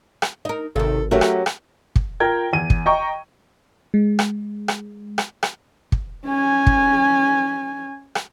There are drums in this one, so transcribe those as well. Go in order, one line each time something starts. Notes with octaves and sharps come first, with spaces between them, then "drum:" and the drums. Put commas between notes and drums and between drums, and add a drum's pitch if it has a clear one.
drum: rim click
D#4 A#4
G#1 C3 D#3 A4
F#3 A3 C#4 F#4 G4 A#4
drum: rim click
drum: rim click
drum: kick
F4 A#4 G5 G#6
E2 D#7
drum: kick
D#5 G5 A#5 C#6
G#3
drum: rim click
drum: rim click
drum: rim click
drum: rim click
drum: kick
C#4 G#5
drum: kick
drum: rim click